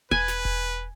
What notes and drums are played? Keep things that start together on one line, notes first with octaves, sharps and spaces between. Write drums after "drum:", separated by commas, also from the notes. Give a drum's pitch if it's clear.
B4 G#5, drum: kick E1
drum: snare
drum: kick E1